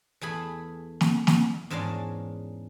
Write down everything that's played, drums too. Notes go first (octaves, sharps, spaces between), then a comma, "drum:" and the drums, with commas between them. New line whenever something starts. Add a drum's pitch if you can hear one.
E2 A3 G#4 B5
drum: snare
drum: snare
E2 G#2 C#4 D4 A#4 F5